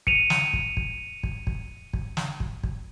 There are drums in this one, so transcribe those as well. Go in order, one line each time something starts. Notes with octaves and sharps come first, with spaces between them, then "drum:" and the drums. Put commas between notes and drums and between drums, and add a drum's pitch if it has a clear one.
C#7 D#7 F7, drum: kick
drum: snare
drum: kick
drum: kick
drum: kick
drum: kick
drum: kick
drum: snare
drum: kick
drum: kick